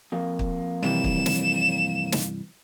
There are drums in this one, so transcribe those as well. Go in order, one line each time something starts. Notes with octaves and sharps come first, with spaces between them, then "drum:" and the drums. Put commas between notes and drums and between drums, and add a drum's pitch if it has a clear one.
F2 A#3
drum: kick
G2 C3 E3 E7
drum: kick
drum: snare
drum: snare